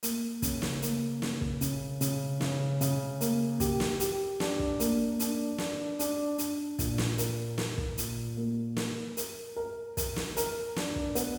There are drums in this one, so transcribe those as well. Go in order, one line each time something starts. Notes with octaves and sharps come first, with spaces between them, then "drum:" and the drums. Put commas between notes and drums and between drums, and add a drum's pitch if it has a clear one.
A#3, drum: hi-hat
C#3, drum: kick, hi-hat
drum: snare
A#3, drum: hi-hat
C#3, drum: snare
drum: kick
C#3, drum: hi-hat
C#3, drum: hi-hat
C#3, drum: snare
C#3, drum: hi-hat
A#3, drum: hi-hat
G4, drum: kick, hi-hat
drum: snare
G4, drum: hi-hat
D4, drum: snare
drum: kick
A#3, drum: hi-hat
D4, drum: hi-hat
D4, drum: snare
D4, drum: hi-hat
D4, drum: hi-hat
A#2, drum: kick, hi-hat
drum: snare
A#4, drum: hi-hat
A#4, drum: snare
drum: kick
A#2, drum: hi-hat
A#3
A#4, drum: snare
A#4, drum: hi-hat
A#4
A#4, drum: kick, hi-hat
drum: snare
A#4, drum: hi-hat
D4, drum: snare
drum: kick
B3, drum: hi-hat